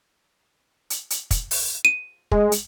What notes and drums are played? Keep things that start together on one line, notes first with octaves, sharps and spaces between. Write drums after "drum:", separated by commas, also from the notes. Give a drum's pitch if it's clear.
drum: hi-hat
drum: hi-hat
drum: kick, hi-hat
drum: open hi-hat
D#7
G#3, drum: kick
drum: hi-hat